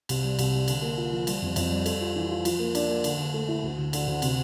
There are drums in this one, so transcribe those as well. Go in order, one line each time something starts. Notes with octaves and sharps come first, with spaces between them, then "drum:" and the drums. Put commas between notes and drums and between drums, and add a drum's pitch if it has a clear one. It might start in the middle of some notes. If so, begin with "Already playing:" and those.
C2, drum: cymbal
G3
C2, drum: cymbal
G3
D3, drum: cymbal
A#3
F4
F3
G3, drum: cymbal
F2
F2, drum: cymbal
G3
A4, drum: cymbal
F4
E3
F4
F3, drum: cymbal
A#3
D4, drum: cymbal
A#3
D3, drum: cymbal
D3
A3
E4
D2
D2
D3, drum: cymbal
D2
C3, drum: cymbal